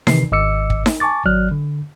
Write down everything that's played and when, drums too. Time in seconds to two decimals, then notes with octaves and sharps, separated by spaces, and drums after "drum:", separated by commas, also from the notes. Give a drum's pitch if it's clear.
0.07 C3 D#3 E3 B4 C7, drum: snare D#4
0.32 G#1 D#5 D6 E6 C#7
0.70 drum: kick
0.86 drum: snare D#4
1.00 G#5 A5 C#6 D6 A6
1.26 G#1 F#3 D5 F6 F#6
1.51 D3